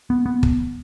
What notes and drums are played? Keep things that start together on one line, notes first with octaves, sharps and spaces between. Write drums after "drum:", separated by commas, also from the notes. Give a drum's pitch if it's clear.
B3
B3
drum: kick